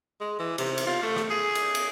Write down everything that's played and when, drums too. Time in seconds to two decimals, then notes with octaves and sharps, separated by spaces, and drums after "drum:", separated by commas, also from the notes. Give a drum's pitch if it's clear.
0.20 G#3
0.39 E3
0.58 C3, drum: cymbal
0.78 drum: cymbal
0.87 F4
1.03 A3
1.16 drum: rim click
1.30 G#4
1.55 drum: cymbal
1.75 drum: cymbal